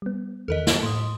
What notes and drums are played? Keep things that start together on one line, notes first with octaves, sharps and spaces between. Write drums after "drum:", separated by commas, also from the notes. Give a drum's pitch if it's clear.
G3 B3
E2 D#3 A4 A#4 D#5
drum: snare
A2 C6 D#6